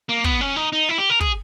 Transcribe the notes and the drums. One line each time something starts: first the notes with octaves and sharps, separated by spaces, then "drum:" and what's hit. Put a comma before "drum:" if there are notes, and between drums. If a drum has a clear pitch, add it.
A#3
B3, drum: kick
C#4
D#4
D#4
E4
G4
A#4
G#4, drum: kick